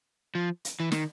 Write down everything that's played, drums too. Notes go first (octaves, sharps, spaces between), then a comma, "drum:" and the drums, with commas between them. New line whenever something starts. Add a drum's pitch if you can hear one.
F3
drum: hi-hat
E3
D#3, drum: snare